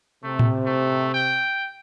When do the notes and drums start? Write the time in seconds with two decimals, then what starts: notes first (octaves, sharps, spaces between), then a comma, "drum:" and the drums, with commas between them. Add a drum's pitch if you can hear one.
0.24 C3 A3
0.39 drum: tom A2
0.66 A3
1.14 G5